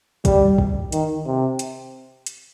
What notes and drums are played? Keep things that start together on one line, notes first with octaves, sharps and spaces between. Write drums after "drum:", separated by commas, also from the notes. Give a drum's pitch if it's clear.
G3, drum: kick, hi-hat
drum: kick
D#3, drum: hi-hat
C3
drum: hi-hat
drum: hi-hat